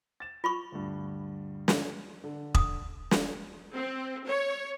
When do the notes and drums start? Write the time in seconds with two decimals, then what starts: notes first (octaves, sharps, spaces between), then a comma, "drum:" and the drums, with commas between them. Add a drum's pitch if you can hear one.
0.20 A6 E7
0.44 F4 B5 C#6
0.72 D2 G2
1.68 drum: snare
2.24 D3
2.55 D#6, drum: kick E1
3.11 drum: snare
3.74 C4
4.26 C#5